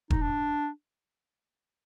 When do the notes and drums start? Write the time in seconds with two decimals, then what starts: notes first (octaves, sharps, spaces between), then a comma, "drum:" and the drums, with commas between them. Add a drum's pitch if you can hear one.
0.10 D#4, drum: kick E1
0.22 D4